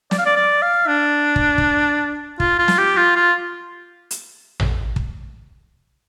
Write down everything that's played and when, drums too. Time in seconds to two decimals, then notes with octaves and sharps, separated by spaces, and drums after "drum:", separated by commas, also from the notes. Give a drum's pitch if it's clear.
0.11 D5, drum: snare
0.18 F5
0.26 D5
0.36 D5
0.62 F5
0.87 D4
1.36 drum: kick
1.58 drum: kick
2.40 F4, drum: kick
2.59 F4
2.68 drum: snare
2.78 G4
2.97 F4
3.16 F4
4.11 drum: hi-hat
4.60 drum: tom A1
4.96 drum: kick